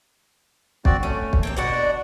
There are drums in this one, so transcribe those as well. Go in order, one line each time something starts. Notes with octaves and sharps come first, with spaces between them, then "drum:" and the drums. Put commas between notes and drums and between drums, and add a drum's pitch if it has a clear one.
C4 F#4 D5, drum: kick
A3 C#4
drum: kick
A#3 C4 G4
B2 D4 F#4 D5 F#5